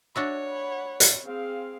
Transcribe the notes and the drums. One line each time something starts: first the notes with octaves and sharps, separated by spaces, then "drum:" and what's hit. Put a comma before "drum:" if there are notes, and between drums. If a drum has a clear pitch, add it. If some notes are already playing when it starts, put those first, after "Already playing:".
D4 F#4 C#5 E5
F#5 B5
drum: hi-hat
C4 G#4 F5